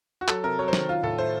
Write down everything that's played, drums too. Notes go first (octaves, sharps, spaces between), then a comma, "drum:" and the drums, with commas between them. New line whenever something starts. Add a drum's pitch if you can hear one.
F#4
F#3 A4, drum: clap
C3 A#4
F#3 C#5
C5
D#3, drum: snare
C#4 F4
A2 A4
A3 C5